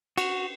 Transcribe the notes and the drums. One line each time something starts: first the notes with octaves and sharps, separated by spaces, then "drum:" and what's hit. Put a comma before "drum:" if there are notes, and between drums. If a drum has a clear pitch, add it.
F#4, drum: cymbal